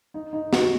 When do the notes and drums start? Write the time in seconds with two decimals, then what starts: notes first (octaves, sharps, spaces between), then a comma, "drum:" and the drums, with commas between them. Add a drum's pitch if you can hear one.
0.14 D#4
0.33 D#4
0.53 F#4, drum: snare